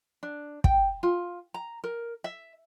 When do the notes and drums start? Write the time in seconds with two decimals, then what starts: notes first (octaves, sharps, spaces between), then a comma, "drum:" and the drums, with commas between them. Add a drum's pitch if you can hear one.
0.23 D4
0.64 G5, drum: kick
1.03 F4
1.54 A#5
1.84 A#4
2.24 E5